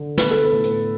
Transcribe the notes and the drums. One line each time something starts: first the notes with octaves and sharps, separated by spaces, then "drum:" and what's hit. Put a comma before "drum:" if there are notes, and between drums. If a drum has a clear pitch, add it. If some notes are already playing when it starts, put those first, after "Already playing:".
Already playing: D3
B3 B4, drum: snare
A4
B4
A2
drum: hi-hat